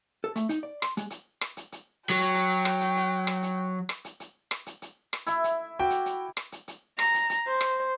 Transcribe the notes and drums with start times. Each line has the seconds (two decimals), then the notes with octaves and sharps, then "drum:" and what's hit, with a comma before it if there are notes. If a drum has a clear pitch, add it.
0.24 A4
0.36 A3, drum: hi-hat
0.49 D#4, drum: hi-hat
0.63 D5
0.82 C6, drum: rim click
0.97 G#3, drum: hi-hat
1.10 drum: hi-hat
1.41 drum: rim click
1.57 drum: hi-hat
1.72 drum: hi-hat
2.10 F#3 G5
2.19 drum: hi-hat
2.34 drum: hi-hat
2.65 drum: rim click
2.81 drum: hi-hat
2.96 drum: hi-hat
3.27 drum: rim click
3.43 drum: hi-hat
3.89 drum: rim click
4.05 drum: hi-hat
4.20 drum: hi-hat
4.51 drum: rim click
4.66 drum: hi-hat
4.82 drum: hi-hat
5.13 drum: rim click
5.27 E4 E5, drum: hi-hat
5.44 drum: hi-hat
5.79 F#4 G5 D6
5.90 drum: hi-hat
6.06 drum: hi-hat
6.37 drum: rim click
6.52 drum: hi-hat
6.68 drum: hi-hat
6.99 A#5, drum: rim click
7.14 drum: hi-hat
7.30 drum: hi-hat
7.47 C5
7.61 drum: rim click